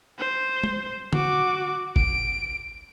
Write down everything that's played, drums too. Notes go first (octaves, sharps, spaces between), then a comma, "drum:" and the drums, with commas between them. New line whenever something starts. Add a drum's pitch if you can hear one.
C5
drum: tom G#3
F#4 D6, drum: tom D3
D7, drum: kick